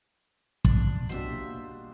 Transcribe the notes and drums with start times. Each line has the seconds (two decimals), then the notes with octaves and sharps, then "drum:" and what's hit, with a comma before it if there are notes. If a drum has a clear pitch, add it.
0.65 D4, drum: kick
1.09 B2 G3 D4 C5 E5
1.29 A#3 F4